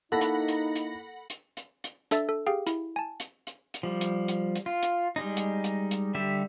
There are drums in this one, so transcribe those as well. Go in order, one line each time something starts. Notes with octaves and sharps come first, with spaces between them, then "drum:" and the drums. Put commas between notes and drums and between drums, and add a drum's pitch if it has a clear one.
A#3 D#4 E4 A4 F#5 B5 A#6
drum: hi-hat
drum: hi-hat
drum: hi-hat
drum: hi-hat
drum: hi-hat
drum: hi-hat
D4 A4 E5 E6 A6, drum: hi-hat
A4
G4 G#4 F5 G5
E4, drum: hi-hat
G#5 A5
drum: hi-hat
drum: hi-hat
drum: hi-hat
F3 G3
drum: hi-hat
drum: hi-hat
drum: hi-hat
F4
drum: hi-hat
G3 G#3 D#4
drum: hi-hat
drum: hi-hat
drum: hi-hat
D3 G3 G4 E5